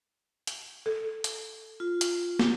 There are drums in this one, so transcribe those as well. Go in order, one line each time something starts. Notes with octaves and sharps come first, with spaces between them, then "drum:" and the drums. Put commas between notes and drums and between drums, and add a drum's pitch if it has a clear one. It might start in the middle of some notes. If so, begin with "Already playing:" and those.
drum: hi-hat
A4
drum: hi-hat
F4
drum: hi-hat
drum: snare